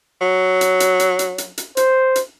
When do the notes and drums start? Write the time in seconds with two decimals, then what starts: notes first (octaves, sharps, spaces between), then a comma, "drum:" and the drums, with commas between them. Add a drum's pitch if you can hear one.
0.21 F#3
0.61 drum: hi-hat
0.80 drum: hi-hat
1.00 drum: hi-hat
1.19 drum: hi-hat
1.38 drum: hi-hat
1.58 drum: hi-hat
1.77 C5, drum: hi-hat
2.16 drum: hi-hat